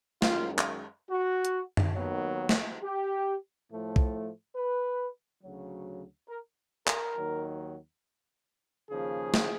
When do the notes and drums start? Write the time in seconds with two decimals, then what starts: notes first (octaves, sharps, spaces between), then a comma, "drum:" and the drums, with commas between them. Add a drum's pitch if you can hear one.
0.22 F#2 D#3 G#3 F4, drum: snare
0.59 drum: clap
1.10 F#4
1.45 drum: hi-hat
1.77 drum: tom F#2
1.96 D#2 D#3 F#3 B3
2.49 drum: snare
2.83 G4
3.70 A2 F3 A3
3.96 drum: kick B1
4.56 B4
5.43 D2 C#3 F#3
6.29 A#4
6.87 A#4, drum: clap
7.16 D#2 D#3 F#3
8.90 D#2 C#3 F3 G#4
9.34 drum: snare